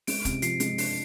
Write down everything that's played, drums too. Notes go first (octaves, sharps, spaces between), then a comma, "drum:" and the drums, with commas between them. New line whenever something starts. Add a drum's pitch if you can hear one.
G#3 D7, drum: open hi-hat
C3, drum: kick, hi-hat
F3 C7, drum: hi-hat
G#3, drum: hi-hat
D4 C7, drum: open hi-hat